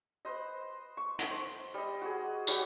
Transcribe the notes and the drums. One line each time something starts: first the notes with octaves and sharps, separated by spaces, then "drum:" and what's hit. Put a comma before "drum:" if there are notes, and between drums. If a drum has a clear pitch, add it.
B4 C5 D#5
C#6
drum: hi-hat
C5
G3 D#5
F#4 G#4
F#3 G3 F#4 G4, drum: tambourine